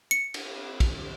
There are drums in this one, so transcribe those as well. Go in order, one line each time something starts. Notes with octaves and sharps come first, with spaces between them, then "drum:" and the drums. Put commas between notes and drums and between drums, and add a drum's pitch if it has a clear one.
C#7
drum: cymbal
drum: kick, cymbal